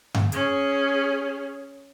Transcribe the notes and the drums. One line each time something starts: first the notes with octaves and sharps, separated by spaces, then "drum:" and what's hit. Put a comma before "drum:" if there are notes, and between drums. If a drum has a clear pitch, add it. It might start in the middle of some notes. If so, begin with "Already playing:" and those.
drum: tom G2
C#4 G#4, drum: hi-hat